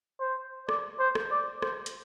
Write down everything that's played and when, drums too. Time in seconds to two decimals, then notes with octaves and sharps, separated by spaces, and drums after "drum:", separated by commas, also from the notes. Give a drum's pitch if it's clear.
0.21 C5
0.69 D5, drum: rim click
0.99 C5
1.15 drum: rim click
1.31 D5
1.62 C5, drum: rim click
1.86 drum: hi-hat